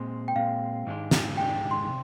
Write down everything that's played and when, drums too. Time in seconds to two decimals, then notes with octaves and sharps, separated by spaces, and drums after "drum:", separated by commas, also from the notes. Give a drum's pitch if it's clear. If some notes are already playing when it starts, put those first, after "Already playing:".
Already playing: A#2 G#3 C4
0.28 G5
0.36 A#2 G#3 C4 F5
0.86 G#2 D#3 G#3 D4 G4
1.11 drum: snare
1.37 G#2 D#3 G#3 D4 G4 G5
1.71 C6
1.87 C3